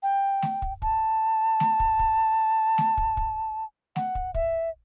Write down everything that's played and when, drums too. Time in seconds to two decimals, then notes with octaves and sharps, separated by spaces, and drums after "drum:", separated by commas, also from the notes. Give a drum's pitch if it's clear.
0.03 G5
0.42 drum: snare A3
0.62 drum: kick
0.82 A5, drum: kick
1.60 drum: snare A3
1.80 drum: kick
1.99 drum: kick
2.78 drum: snare A3
2.97 drum: kick
3.17 drum: kick
3.96 F#5, drum: snare A3
4.15 drum: kick
4.34 E5, drum: kick